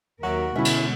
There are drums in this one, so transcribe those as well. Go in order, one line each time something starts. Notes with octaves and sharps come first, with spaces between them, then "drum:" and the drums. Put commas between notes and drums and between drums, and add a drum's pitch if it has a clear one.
D#2 F#3 F#4 A#4 E5
B2 D3 G#3 C#4 E4 E5
drum: cymbal